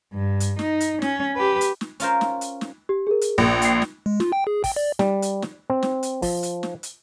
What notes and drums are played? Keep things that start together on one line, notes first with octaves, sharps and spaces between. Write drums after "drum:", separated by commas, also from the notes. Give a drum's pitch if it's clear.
G2
drum: hi-hat
D#4, drum: snare
drum: hi-hat
C#4, drum: snare
G4 B4
drum: hi-hat
drum: snare
C#4 F4 A#4 C5, drum: hi-hat
drum: snare
drum: hi-hat
drum: snare
G4
G#4 A#4
drum: hi-hat
A#1
G5 C7, drum: hi-hat
drum: snare
G#3
F4, drum: snare
G5
G#4
G5, drum: kick, open hi-hat
D5
G3, drum: snare
drum: hi-hat
drum: snare
C4
drum: snare
drum: hi-hat
F3, drum: kick, open hi-hat
drum: hi-hat
drum: snare
drum: hi-hat